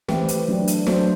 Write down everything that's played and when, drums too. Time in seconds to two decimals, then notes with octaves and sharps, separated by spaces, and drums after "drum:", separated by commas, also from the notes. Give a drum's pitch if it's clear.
0.08 E3 A3 C4 G4 B4, drum: snare
0.28 drum: hi-hat
0.48 F#3 A3 D4
0.67 drum: hi-hat
0.87 F#3 A3 D4 A4 C5, drum: snare